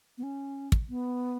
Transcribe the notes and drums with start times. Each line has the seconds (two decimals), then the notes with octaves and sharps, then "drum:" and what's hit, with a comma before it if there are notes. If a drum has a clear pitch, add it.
0.18 B3
0.23 C#4
0.72 drum: kick
0.89 B3